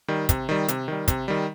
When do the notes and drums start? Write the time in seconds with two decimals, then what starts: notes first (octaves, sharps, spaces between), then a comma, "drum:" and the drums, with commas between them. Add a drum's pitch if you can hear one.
0.08 D#3 G3
0.29 C3, drum: kick, hi-hat
0.49 D#3 G3
0.68 C3, drum: hi-hat
0.88 D#3 G3
1.08 C3, drum: kick, hi-hat
1.28 D#3 G3